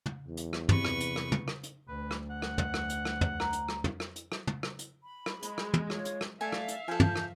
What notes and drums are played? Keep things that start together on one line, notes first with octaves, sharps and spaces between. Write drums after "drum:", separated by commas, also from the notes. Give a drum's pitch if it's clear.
drum: tom
E2
drum: hi-hat
drum: rim click
C3 B4 C#6, drum: tom
drum: rim click
drum: hi-hat
drum: rim click
drum: tom
drum: rim click
drum: hi-hat
D2 B4
drum: rim click
F#5
drum: rim click
drum: tom
drum: rim click
drum: hi-hat
drum: rim click
drum: tom
A#5, drum: rim click
drum: hi-hat
drum: rim click
drum: tom
drum: rim click
drum: hi-hat
drum: rim click
drum: tom
drum: rim click
drum: hi-hat
B5
drum: rim click
G#3, drum: hi-hat
drum: rim click
drum: tom
F4 C#5, drum: rim click
drum: hi-hat
drum: rim click
A3 D5 E5 F5 G#5
drum: rim click
drum: hi-hat
F3 A4 G#5 G6
drum: tom
drum: rim click